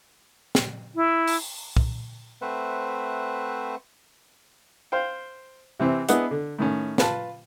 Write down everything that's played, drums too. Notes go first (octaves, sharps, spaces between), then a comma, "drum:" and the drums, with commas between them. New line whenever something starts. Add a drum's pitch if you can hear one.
drum: snare
E4
drum: open hi-hat
drum: kick
A3 C4 B4 C5 E5 F#5
C5 F5 G5
C3 E3 C4
B3 D4 E4 G#4 D#5 F#5, drum: hi-hat
D3
A2 D#3 C#4
F4 B4 A5, drum: snare